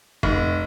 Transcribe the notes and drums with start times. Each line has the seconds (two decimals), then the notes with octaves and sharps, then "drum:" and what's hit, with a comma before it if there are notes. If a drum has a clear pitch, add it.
0.23 F1, drum: kick